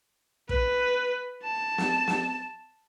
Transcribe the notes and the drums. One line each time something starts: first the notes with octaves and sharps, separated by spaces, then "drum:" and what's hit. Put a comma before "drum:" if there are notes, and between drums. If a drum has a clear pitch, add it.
B4, drum: kick
A5
drum: snare
drum: snare